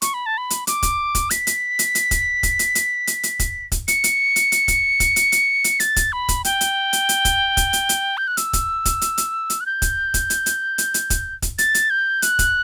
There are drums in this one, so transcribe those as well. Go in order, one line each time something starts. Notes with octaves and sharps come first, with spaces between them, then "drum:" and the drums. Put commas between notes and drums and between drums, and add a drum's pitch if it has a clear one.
C#6, drum: hi-hat
B5
A5
B5
drum: hi-hat
D6, drum: hi-hat
drum: kick, hi-hat
drum: kick, hi-hat
B6, drum: hi-hat
drum: hi-hat
drum: hi-hat
drum: hi-hat
drum: kick, hi-hat
drum: kick, hi-hat
drum: hi-hat
drum: hi-hat
drum: hi-hat
drum: hi-hat
drum: kick, hi-hat
drum: kick, hi-hat
C#7, drum: hi-hat
drum: hi-hat
drum: hi-hat
drum: hi-hat
drum: kick, hi-hat
drum: kick, hi-hat
drum: hi-hat
drum: hi-hat
drum: hi-hat
A6, drum: hi-hat
drum: kick, hi-hat
B5
drum: kick, hi-hat
G5, drum: hi-hat
drum: hi-hat
drum: hi-hat
drum: hi-hat
drum: kick, hi-hat
drum: kick, hi-hat
drum: hi-hat
drum: hi-hat
G6
F#6
E6, drum: hi-hat
drum: kick, hi-hat
drum: kick, hi-hat
drum: hi-hat
drum: hi-hat
drum: hi-hat
F#6
G6
drum: kick, hi-hat
drum: kick, hi-hat
drum: hi-hat
drum: hi-hat
drum: hi-hat
drum: hi-hat
drum: kick, hi-hat
drum: kick, hi-hat
A6, drum: hi-hat
drum: hi-hat
G6
F#6, drum: hi-hat
drum: kick, hi-hat